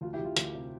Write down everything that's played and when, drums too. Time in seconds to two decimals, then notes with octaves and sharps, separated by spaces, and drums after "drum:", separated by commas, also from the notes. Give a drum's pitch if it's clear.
0.01 D2 F4
0.13 E4 G4
0.19 D2
0.25 F4
0.37 D2 F4, drum: hi-hat
0.55 C3